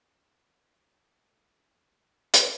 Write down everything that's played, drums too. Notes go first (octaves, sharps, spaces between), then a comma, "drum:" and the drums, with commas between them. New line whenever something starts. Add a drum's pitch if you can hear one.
E6
G#5
A3 F5
A5
D#3
drum: hi-hat